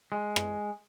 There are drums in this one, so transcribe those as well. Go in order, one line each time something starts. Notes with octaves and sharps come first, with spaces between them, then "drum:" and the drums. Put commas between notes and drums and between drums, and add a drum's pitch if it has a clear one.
G#3
drum: rim click